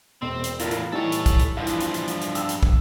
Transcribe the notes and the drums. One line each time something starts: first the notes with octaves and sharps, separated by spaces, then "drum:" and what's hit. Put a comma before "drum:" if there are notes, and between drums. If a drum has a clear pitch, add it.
E1 C4
drum: hi-hat
E2 A2 F4 A#4, drum: hi-hat
drum: hi-hat
E3 G3 D#4 A4 C#5
drum: hi-hat
drum: kick, hi-hat
drum: hi-hat
G2 E3 F3 F5
drum: hi-hat
drum: hi-hat
drum: hi-hat
drum: hi-hat
drum: hi-hat
E6, drum: hi-hat
drum: hi-hat
drum: kick